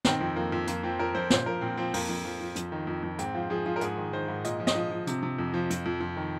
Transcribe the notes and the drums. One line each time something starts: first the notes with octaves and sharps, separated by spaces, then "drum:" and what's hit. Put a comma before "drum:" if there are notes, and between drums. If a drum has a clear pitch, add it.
D#3 C4, drum: snare
F2
F2 A#3
F2
F2 A#3, drum: hi-hat
F3 C4
F2 A#4
F2 C5
A#2 C5, drum: snare
F3 A#4
A#2 C4
F3 C4
F2 A#3, drum: open hi-hat
F2
F3
F3
F2, drum: hi-hat
D#3
F2
F2
G#2 C4, drum: hi-hat
F3 F4
F3 G#4
F3 F4
A#4
G#2 G#4, drum: hi-hat
D#3
D#3 C5
G#2
A#2 D#5, drum: hi-hat
F3
D#5, drum: snare
F3
F3
C3, drum: hi-hat
C3
F2
F3
F2, drum: hi-hat
F2
F2
D#3